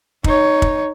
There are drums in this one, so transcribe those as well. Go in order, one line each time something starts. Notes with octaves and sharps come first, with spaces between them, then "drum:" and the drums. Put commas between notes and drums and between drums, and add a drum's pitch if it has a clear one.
D#4 C#5, drum: kick
drum: kick